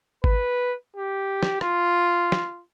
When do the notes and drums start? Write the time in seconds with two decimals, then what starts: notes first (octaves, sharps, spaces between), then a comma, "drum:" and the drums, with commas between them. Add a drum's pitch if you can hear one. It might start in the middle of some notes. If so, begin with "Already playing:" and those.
0.24 B4, drum: kick G#1
0.97 G4
1.43 drum: snare
1.61 F4, drum: rim click
2.32 drum: snare